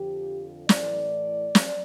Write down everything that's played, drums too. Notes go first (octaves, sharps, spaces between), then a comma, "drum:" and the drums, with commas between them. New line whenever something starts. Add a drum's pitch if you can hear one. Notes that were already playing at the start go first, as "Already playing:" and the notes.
Already playing: F2 D3 F3 G4
A2 E3 A3 D5, drum: snare
drum: snare